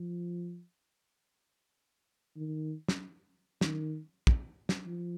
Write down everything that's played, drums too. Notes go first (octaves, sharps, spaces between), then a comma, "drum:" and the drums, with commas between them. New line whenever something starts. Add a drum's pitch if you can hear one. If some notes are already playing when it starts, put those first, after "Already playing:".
Already playing: F3
D#3
drum: snare
D#3, drum: snare
drum: kick
drum: snare
F3